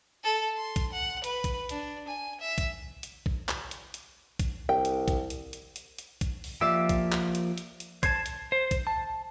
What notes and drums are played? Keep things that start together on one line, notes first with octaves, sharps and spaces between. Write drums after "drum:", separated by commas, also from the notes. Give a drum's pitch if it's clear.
A4
C6
drum: kick A#1, hi-hat
F#5
B4, drum: hi-hat
drum: kick A#1, hi-hat
D4, drum: hi-hat
G#5
E5
drum: kick A#1, hi-hat
drum: hi-hat
drum: kick A#1
drum: clap
drum: hi-hat
drum: hi-hat
drum: kick A#1, hi-hat
C2 G5
drum: hi-hat
drum: kick A#1, hi-hat
drum: hi-hat
drum: hi-hat
drum: hi-hat
drum: hi-hat
drum: kick A#1, hi-hat
drum: open hi-hat
F3 A#3 G4 D5 E5 E6
drum: kick A#1, hi-hat
drum: clap
drum: hi-hat
drum: hi-hat
drum: hi-hat
C5 A5 G#6, drum: kick A#1, hi-hat
drum: hi-hat
C5
drum: kick A#1, hi-hat
A5